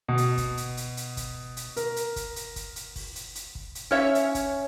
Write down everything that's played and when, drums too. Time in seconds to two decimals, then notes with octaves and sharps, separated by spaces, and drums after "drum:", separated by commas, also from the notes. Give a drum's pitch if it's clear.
0.09 B2
0.18 drum: hi-hat
0.37 drum: kick, hi-hat
0.57 drum: hi-hat
0.77 drum: hi-hat
0.97 drum: hi-hat
1.17 drum: kick, hi-hat
1.57 drum: hi-hat
1.76 A#4, drum: hi-hat
1.96 drum: hi-hat
2.16 drum: kick, hi-hat
2.36 drum: hi-hat
2.56 drum: kick, hi-hat
2.76 drum: hi-hat
2.96 drum: kick, open hi-hat
3.16 drum: hi-hat
3.35 drum: hi-hat
3.55 drum: kick
3.75 drum: hi-hat
3.91 C#4 C#5 E5
4.15 drum: hi-hat
4.35 drum: kick, hi-hat